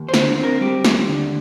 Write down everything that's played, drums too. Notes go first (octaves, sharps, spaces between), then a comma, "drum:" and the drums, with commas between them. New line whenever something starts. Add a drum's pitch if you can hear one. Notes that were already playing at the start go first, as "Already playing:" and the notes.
Already playing: D#2
C5
D3, drum: snare
C4
A#4
G3 G4
D#2, drum: snare
D3